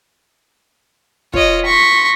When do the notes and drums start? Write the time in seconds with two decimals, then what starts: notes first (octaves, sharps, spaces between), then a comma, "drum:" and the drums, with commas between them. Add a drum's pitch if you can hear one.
1.34 F4 C#5 D#5, drum: kick
1.66 C6 C#6 A#6 B6